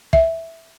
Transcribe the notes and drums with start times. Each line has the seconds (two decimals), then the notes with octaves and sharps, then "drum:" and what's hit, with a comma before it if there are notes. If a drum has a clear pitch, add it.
0.13 E5, drum: kick